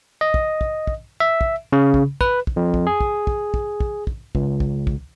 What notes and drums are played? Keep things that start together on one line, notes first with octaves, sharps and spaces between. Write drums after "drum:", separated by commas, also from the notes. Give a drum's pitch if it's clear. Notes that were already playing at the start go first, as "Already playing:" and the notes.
D#5
drum: kick
drum: kick
drum: kick
E5
drum: kick
C#3
drum: kick
B4, drum: kick
drum: kick
F2
drum: kick
G#4
drum: kick
drum: kick
drum: kick
drum: kick
drum: kick
C#2, drum: kick
drum: kick
drum: kick